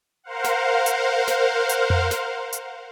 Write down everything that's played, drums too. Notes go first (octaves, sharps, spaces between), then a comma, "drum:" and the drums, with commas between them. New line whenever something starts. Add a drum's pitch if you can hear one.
A#4 C5 F5 F#5
drum: snare
drum: hi-hat
drum: snare
drum: hi-hat
drum: tom F2
drum: snare
drum: hi-hat